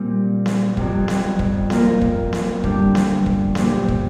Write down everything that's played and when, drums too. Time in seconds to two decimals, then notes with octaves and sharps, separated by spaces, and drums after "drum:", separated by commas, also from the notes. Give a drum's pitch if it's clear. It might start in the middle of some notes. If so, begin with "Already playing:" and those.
Already playing: A#2 G3 C4 G4
0.46 drum: snare B3
0.77 F2 C3 G3, drum: kick
1.08 drum: snare B3
1.39 drum: kick
1.70 F3 A#3 F4 A#4, drum: snare B3
2.01 drum: kick
2.33 drum: snare B3
2.64 D3 G3 D4 G4, drum: kick
2.95 drum: snare B3
3.26 drum: kick
3.55 A#2 F3 D4 G4 C5, drum: snare B3
3.88 drum: kick